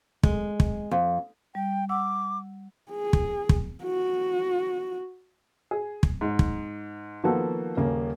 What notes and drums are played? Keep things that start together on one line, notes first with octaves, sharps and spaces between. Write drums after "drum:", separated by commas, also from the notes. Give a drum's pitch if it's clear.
G#3, drum: kick
drum: kick
F2
G3 G5
F#5 D6 E6
G#4
drum: kick
drum: kick
F#4
G#4
drum: kick
G#2
drum: kick
D#3 F3 A#3 B3 F#4 A4
D#1 C#3 A#3